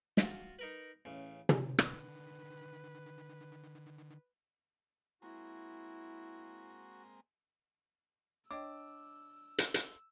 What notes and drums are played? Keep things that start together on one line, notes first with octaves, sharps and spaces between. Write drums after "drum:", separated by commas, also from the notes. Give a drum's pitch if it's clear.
F4 F#4 C6, drum: snare
D#4 A#4 B4
A1 C#3
drum: tom
D3 D#3 B4, drum: rim click
G#3 A#3 C4 E4 F#4
D4 C#5 D#5 G5 D6 E6
drum: hi-hat
drum: hi-hat